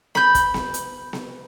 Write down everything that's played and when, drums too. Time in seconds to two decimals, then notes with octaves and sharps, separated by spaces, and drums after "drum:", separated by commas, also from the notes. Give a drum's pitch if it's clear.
0.15 B5 G6, drum: snare B3
0.35 drum: kick, hi-hat
0.54 drum: snare B3
0.74 drum: hi-hat
1.13 drum: snare B3